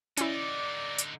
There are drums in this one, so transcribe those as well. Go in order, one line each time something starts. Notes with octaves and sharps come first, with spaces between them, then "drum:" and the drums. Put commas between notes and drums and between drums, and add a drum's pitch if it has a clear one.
D3 C#4 D#4 E4 D5 D6, drum: hi-hat
drum: hi-hat